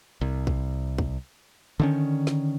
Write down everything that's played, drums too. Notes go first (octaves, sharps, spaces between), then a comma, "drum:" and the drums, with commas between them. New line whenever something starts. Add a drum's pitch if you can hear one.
C2
drum: kick
drum: kick
D3 D#3 C#4
drum: snare